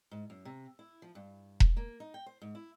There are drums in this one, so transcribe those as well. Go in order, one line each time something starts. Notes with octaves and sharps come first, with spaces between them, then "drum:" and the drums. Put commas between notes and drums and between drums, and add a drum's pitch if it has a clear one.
G#2
F#2
C3
E4
F3
G2
drum: kick E1
A#3
D#4
G5
C5
G#2
E4